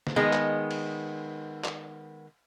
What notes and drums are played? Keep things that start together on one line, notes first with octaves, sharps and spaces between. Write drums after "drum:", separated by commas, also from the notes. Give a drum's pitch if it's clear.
drum: snare
D#3 G#3 B3
drum: clap
drum: cymbal
drum: clap